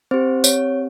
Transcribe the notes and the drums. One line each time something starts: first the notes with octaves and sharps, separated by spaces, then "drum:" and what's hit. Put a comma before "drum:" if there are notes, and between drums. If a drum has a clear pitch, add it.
C4 G4 C5
C#5, drum: tambourine